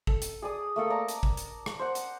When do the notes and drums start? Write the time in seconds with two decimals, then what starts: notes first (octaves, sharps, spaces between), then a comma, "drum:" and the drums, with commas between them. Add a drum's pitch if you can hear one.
0.07 A4, drum: kick
0.22 drum: hi-hat
0.42 G#4 D5 D#6
0.76 A3 A#3 A4
0.90 D5 A5 A#5
1.08 drum: hi-hat
1.23 drum: kick
1.37 drum: hi-hat
1.66 drum: rim click
1.79 C5 F#5
1.95 drum: hi-hat